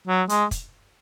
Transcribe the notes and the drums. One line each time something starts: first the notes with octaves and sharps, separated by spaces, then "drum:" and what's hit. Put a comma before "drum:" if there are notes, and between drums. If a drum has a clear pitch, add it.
F#3
G#3, drum: hi-hat
drum: kick, hi-hat